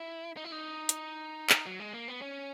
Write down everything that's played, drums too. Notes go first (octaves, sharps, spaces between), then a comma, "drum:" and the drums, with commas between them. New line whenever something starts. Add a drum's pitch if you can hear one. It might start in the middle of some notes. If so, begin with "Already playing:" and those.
Already playing: E4
D#4
E4
D#4
drum: hi-hat
drum: clap
F#3
G#3
A#3
B3
C#4